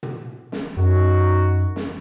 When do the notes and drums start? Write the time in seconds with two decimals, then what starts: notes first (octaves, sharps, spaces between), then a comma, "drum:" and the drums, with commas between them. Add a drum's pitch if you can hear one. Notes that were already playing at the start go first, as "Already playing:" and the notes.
0.03 drum: tom
0.52 drum: snare
0.77 F#2 D#4 F#4
1.76 drum: snare